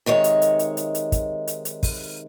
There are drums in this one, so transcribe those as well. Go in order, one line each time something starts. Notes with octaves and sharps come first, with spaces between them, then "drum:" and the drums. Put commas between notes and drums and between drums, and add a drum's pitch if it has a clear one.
C3 D#3 G#3 C#5
drum: hi-hat
drum: hi-hat
drum: hi-hat
drum: hi-hat
drum: hi-hat
drum: kick, hi-hat
drum: hi-hat
drum: hi-hat
drum: kick, open hi-hat